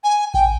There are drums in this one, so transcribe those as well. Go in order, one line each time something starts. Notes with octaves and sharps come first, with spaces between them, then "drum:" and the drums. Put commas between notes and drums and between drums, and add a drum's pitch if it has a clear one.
G#5
G5, drum: kick A1